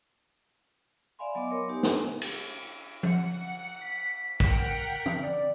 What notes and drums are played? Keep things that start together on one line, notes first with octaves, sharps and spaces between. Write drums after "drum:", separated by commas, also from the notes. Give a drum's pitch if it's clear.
D5 E5 F5 G#5 B5 C6
F#3 B3 D#5 D6
A#4 C#5 C6 D6
B3 D#4 G4 G#5
D4, drum: snare
drum: cymbal
F#5, drum: tom F3
B6
A#4 F#5 G5, drum: kick
drum: tom
D5